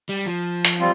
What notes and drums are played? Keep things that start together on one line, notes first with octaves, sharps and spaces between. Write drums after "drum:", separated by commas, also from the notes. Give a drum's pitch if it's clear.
G3
F3
drum: hi-hat
G3 C4 F4